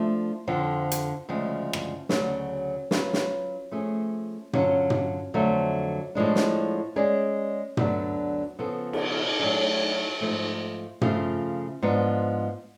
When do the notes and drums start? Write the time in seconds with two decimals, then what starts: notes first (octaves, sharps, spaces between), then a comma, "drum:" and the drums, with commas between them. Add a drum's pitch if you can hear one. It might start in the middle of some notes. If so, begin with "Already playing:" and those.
Already playing: F3 A3 D4
0.47 F2 D3 F3
0.92 drum: hi-hat
1.29 D2 C#3 F3 G#3
1.73 drum: rim click
2.09 D2 C#3 F#3, drum: snare
2.91 F#3 C#4 F4 B4, drum: snare
3.13 drum: snare
3.71 F3 A3 C#4 G#4
4.53 D3 F#3 C#4 F4, drum: tom
4.90 drum: tom
5.34 F2 D3 F#3 A3
6.15 A2 F3 G#3 D4
6.35 drum: snare
6.96 G#3 C#4 G#4 D5
7.77 D2 D3 F#3 B3 D4, drum: tom
8.59 C#3 F3 B3 F4 A4
8.93 drum: cymbal
9.39 A2 F#3 A3 D4 G#4
10.21 G#2 F3 A3
11.01 C#3 F3 A3 F4, drum: tom
11.82 G#2 F3 B3 D4